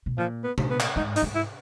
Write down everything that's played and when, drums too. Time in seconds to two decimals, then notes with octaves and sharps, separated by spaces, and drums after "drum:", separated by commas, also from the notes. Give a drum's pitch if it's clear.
0.06 B2
0.18 A#2 F3
0.44 B3
0.58 A#2, drum: tom C3
0.70 B3
0.80 drum: clap
0.96 G#2 D#4
1.16 D#4, drum: hi-hat
1.22 G#2
1.35 E4